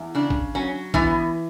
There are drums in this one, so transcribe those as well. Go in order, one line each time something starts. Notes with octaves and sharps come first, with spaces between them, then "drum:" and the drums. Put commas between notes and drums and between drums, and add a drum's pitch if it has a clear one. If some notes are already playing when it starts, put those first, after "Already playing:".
Already playing: E2
C#3 D4
drum: kick A#1
F#3 C#4
E3 B3, drum: kick A#1